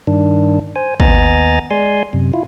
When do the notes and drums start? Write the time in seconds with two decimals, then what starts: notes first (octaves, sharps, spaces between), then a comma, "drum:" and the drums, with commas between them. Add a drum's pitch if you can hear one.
0.07 G2 D#3 D4
0.76 C5 G#5
1.00 D#2 B3 D#5 G#5 A#5 A6, drum: kick
1.71 G#3 D5 G#5 C6
2.13 F#2 C3
2.33 E4 F4